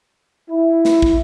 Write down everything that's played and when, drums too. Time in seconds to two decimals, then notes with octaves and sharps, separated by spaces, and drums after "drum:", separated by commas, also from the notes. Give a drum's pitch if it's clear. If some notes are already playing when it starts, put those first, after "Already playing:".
0.50 E4
0.85 drum: snare
1.02 drum: kick